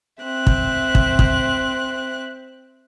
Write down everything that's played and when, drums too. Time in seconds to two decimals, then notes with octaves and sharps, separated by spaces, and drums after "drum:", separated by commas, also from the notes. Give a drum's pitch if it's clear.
0.22 C4 E5 F#6
0.47 drum: kick
0.95 drum: kick
1.19 drum: kick